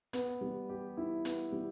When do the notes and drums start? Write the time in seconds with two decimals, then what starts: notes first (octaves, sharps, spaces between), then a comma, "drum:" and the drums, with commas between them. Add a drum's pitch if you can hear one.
0.13 B3, drum: hi-hat
0.41 G3
0.69 G4
0.97 E4
1.25 B3, drum: hi-hat
1.52 G3